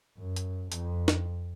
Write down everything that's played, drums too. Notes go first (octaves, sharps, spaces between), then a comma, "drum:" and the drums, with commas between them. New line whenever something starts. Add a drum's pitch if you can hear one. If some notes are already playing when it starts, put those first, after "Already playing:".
F#2
drum: hi-hat
F2, drum: hi-hat
drum: snare